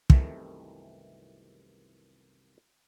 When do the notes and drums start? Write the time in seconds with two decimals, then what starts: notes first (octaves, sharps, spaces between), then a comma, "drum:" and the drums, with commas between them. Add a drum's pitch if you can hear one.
0.10 C2 F#2 C3 D#3 E3 A3, drum: kick